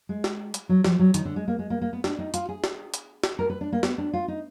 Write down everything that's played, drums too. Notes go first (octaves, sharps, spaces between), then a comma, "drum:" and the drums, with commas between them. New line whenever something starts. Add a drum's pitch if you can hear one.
G#3
drum: snare
drum: hi-hat
F#3
F3, drum: snare
F#3
D#3, drum: hi-hat
D3
G#3
A#3
G#3
A#3
A#3
B3
D4, drum: snare
D#4
F4, drum: hi-hat
G#4
drum: snare
drum: hi-hat
drum: snare
A#4
B4
D4
A#3
B3, drum: snare
D4
F4
D#4